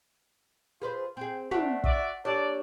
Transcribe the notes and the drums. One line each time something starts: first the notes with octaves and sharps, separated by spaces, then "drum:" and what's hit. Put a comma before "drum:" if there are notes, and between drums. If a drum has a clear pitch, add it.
F4 G#4 B4 C5
C4 G#4 G5
A3 D4 C#5 F#5 B6, drum: tom
F#4 D5 E5, drum: kick
A#3 D4 G4 A4 C#5 D5